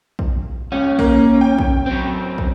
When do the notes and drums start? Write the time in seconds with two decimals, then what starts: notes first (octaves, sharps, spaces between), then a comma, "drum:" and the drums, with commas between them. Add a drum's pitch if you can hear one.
0.19 drum: kick
0.72 C#2 C#4
0.99 A#3, drum: kick
1.41 G5
1.58 drum: kick
1.86 F#3 C4
2.38 drum: kick